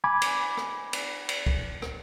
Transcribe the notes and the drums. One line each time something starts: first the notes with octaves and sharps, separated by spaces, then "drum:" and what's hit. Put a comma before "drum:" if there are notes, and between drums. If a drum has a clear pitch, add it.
G#5 B5 D6 G#6
drum: cymbal
drum: rim click
drum: cymbal
drum: cymbal
drum: kick
drum: rim click